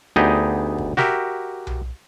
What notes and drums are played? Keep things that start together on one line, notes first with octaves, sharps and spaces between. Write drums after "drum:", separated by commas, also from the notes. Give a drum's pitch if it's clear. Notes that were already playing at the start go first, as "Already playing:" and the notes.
D2 B3 D#4 G4 G#4 D#5
drum: kick
F#4 G4 A#4 E5, drum: snare
drum: tom B1